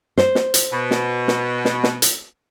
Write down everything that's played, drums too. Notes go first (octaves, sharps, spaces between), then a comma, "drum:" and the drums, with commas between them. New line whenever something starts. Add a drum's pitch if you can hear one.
C5, drum: snare
drum: snare
drum: hi-hat
B2
drum: snare
drum: snare
drum: snare
drum: snare
drum: hi-hat